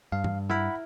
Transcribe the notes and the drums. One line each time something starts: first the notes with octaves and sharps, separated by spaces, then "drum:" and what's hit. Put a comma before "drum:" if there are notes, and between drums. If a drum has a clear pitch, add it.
G2 F5
drum: tom G2
E4 A#4 F#5 B5